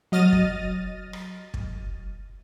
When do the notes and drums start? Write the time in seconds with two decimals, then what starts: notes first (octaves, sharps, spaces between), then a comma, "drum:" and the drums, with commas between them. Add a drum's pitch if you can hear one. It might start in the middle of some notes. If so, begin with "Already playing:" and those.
0.12 F#3 D#5 F6 A6 A#6 D#7
0.32 drum: kick
1.13 drum: rim click
1.54 drum: kick